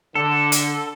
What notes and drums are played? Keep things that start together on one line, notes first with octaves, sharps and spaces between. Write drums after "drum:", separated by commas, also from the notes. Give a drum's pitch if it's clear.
D3 A4
drum: hi-hat